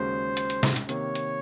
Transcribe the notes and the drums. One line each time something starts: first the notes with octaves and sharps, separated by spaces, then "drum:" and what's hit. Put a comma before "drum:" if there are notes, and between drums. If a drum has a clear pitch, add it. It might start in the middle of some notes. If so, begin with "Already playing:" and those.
Already playing: D#2 C#3 G#3 C#4 F#4 C5
drum: hi-hat
drum: hi-hat
drum: snare
drum: hi-hat
C3 D#3 A#3 C#5, drum: hi-hat
drum: hi-hat